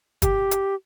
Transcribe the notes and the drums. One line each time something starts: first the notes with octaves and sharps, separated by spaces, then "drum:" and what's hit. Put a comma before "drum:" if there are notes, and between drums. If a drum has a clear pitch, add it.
G4, drum: kick, hi-hat
drum: hi-hat